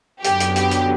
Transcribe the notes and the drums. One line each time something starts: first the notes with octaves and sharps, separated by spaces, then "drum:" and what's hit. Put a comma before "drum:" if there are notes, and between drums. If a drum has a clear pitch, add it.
F#2 D3 F#3 B3 G4, drum: hi-hat
drum: hi-hat
G4, drum: hi-hat
drum: hi-hat